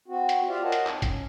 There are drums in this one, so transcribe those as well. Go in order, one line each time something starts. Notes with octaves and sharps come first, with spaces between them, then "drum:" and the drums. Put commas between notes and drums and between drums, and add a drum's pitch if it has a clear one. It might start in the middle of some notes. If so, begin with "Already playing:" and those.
C4 F#4
drum: hi-hat
F4 G4 C5 D5 E5 F5
A#4 C#5 D#5 F#5 A5
drum: hi-hat
C4 D#4, drum: clap
C#4, drum: kick, hi-hat